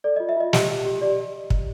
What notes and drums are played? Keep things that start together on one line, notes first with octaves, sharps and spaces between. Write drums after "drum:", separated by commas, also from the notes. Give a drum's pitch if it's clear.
A4 D5
F4 D#5
E5
F4 D#5
G4 D#5, drum: snare
G4
G4
G4 D5
drum: kick